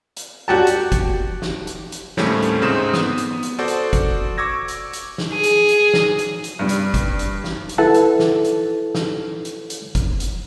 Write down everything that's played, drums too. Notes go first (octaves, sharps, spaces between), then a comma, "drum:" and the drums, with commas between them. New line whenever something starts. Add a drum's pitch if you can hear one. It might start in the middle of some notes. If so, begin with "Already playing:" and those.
drum: hi-hat
F#4 G4 A5
drum: hi-hat
drum: kick, hi-hat
drum: snare
drum: hi-hat
drum: hi-hat
D#2 A2 G3 A3 C4 C#4, drum: snare
drum: hi-hat
G#2 C#3 C4 D#6 E7
B3 D#6, drum: snare
drum: hi-hat
drum: hi-hat
F#4 A4 C5 D5
drum: hi-hat
drum: kick, hi-hat
C#6 D6 E6 G#6 A#6
drum: hi-hat
drum: hi-hat
drum: snare
G#4
drum: hi-hat
drum: hi-hat
drum: snare
drum: hi-hat
drum: hi-hat
G2 G3
drum: hi-hat
drum: kick, hi-hat
drum: hi-hat
drum: snare
drum: hi-hat
E4 A4 B4 F#5 A5
drum: hi-hat
drum: snare
drum: hi-hat
drum: snare
drum: hi-hat
drum: hi-hat
drum: kick, hi-hat
drum: hi-hat